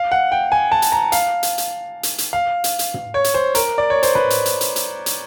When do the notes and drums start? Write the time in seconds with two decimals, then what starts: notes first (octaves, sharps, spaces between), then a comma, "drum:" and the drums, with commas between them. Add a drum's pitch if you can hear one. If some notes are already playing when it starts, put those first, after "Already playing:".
Already playing: F5
0.12 F#5
0.32 G5
0.52 G#5
0.72 A5
0.82 drum: hi-hat
0.92 A#5
1.12 F5, drum: hi-hat
1.43 drum: hi-hat
1.58 drum: hi-hat
2.03 drum: hi-hat
2.18 drum: hi-hat
2.33 F5
2.64 drum: hi-hat
2.79 drum: hi-hat
2.94 drum: tom
3.14 C#5
3.24 drum: hi-hat
3.34 C5
3.55 A#4, drum: hi-hat
3.78 D5
3.90 C#5
4.03 C5, drum: hi-hat
4.15 B4, drum: tom
4.30 drum: hi-hat
4.46 drum: hi-hat
4.61 drum: hi-hat
4.76 drum: hi-hat
5.06 drum: hi-hat